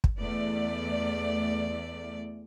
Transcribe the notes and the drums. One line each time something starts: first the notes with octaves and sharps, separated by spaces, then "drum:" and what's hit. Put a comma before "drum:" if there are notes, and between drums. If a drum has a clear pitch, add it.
drum: kick
E2 A3 D5